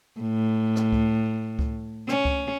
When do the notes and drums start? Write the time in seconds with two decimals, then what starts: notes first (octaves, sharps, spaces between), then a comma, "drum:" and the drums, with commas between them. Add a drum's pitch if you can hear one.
0.21 A2
0.76 drum: rim click
0.92 drum: kick C#2
1.59 drum: kick C#2
2.09 C#4, drum: rim click
2.25 drum: kick C#2